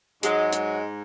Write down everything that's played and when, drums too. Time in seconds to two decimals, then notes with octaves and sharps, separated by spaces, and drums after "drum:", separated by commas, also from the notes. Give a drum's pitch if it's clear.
0.23 G#2 F#3 G#3, drum: hi-hat
0.52 G#3, drum: hi-hat